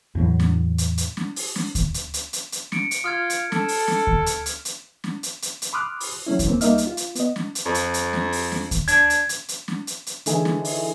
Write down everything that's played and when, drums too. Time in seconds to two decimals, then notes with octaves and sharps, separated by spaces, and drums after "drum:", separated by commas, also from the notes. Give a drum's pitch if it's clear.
0.15 E2 A2 F#3
0.40 drum: snare
0.78 drum: hi-hat
0.98 drum: hi-hat
1.17 drum: snare
1.36 drum: open hi-hat
1.56 drum: snare
1.75 drum: kick D2, hi-hat
1.94 drum: hi-hat
2.14 drum: hi-hat
2.33 drum: hi-hat
2.52 drum: hi-hat
2.72 C#7 D7, drum: snare
2.91 drum: hi-hat
3.04 F4 D#6 F6 G#6
3.30 drum: hi-hat
3.52 A4, drum: snare
3.68 drum: open hi-hat
3.88 drum: snare
4.07 drum: kick D2
4.26 drum: hi-hat
4.46 drum: hi-hat
4.65 drum: hi-hat
5.04 drum: snare
5.23 drum: hi-hat
5.42 drum: hi-hat
5.62 drum: hi-hat
5.73 B5 C6 D6 D#6 F6 F#6
6.00 drum: open hi-hat
6.26 F#3 A3 C#4 E4
6.39 drum: kick D2, hi-hat
6.48 A#3 C4
6.61 G3 A#3 D#4 D#5 E5 F6, drum: hi-hat
6.78 drum: hi-hat
6.87 F4
6.97 drum: hi-hat
7.15 B3 D#5, drum: hi-hat
7.36 drum: snare
7.55 drum: hi-hat
7.65 F2
7.74 drum: hi-hat
7.94 drum: hi-hat
8.13 drum: snare
8.32 drum: open hi-hat
8.52 drum: snare
8.71 drum: kick D2, hi-hat
8.88 D4 G#6, drum: hi-hat
9.10 drum: hi-hat
9.29 drum: hi-hat
9.49 drum: hi-hat
9.68 drum: snare
9.87 drum: hi-hat
10.07 drum: hi-hat
10.26 D3 E3 A3 D#4 E4 G#4, drum: hi-hat
10.45 drum: snare
10.65 drum: open hi-hat